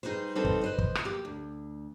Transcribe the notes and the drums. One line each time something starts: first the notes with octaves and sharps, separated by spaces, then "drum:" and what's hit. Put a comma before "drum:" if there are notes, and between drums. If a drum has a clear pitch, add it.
G3 D#4 G#4 B4 C5
G3 C4 D#4 A4 B4 C5
drum: kick
B4 C5 D#5
drum: kick
drum: rim click
A#3 G4
D2